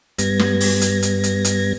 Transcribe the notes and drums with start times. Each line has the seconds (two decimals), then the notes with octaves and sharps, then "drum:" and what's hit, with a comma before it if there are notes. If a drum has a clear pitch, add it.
0.18 G2 G3 B3 G#6 A#6, drum: hi-hat
0.39 drum: snare
0.60 drum: open hi-hat
0.81 drum: hi-hat
1.02 drum: hi-hat
1.23 drum: hi-hat
1.44 drum: hi-hat